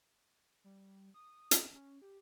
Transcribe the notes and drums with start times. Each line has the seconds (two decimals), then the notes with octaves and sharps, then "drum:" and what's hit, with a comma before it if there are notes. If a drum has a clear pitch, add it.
0.64 G3
1.14 D#6
1.51 drum: hi-hat
1.74 C#4
2.02 G4